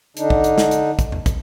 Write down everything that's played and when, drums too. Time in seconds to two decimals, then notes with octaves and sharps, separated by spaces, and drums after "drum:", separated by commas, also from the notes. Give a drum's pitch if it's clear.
0.17 D3 D4 D#4, drum: hi-hat
0.30 drum: kick
0.44 drum: hi-hat
0.58 drum: snare
0.71 drum: hi-hat
0.99 drum: kick, hi-hat
1.12 drum: tom E2
1.26 drum: kick, hi-hat